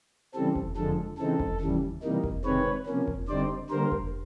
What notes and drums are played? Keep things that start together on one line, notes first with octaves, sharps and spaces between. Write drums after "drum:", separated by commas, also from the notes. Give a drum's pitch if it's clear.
C#3 E3 G3 C4 A4
drum: kick F1
F2 D3 F3 G#3 A4
C#3 E3 G#3 C4 D#4 A4
drum: kick F1
D#2 C#3 E3 G3
C3 E3 G3 A#3 D#4
drum: kick F1
C3 D#3 G#3 C4 B4 C#5
C3 F3 A#3 C#4
drum: kick F1
D3 G3 C4 D#4 C5 D5
D3 G3 A#3 A#4 C5
drum: kick F1